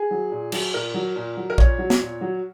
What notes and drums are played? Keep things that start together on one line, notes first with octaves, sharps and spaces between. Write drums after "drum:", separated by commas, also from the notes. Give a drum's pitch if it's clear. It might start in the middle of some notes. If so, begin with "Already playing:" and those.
Already playing: G#4
F#3
A#2
F#3, drum: cymbal
A#2 A#4
F#3
A#2
F#3
A#4
A#2 C#5, drum: kick A#1
F#3
drum: snare
A#2
F#3